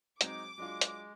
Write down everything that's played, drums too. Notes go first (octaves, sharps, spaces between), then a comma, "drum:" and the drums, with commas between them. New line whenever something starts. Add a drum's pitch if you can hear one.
F#3 G#3 C4 D#4 D6, drum: hi-hat
F#3 G#3 D4 F4
drum: hi-hat